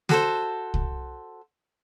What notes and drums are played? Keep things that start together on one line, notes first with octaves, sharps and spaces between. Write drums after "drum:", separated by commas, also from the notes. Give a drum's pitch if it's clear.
F#4 A4 C5, drum: snare
drum: kick C2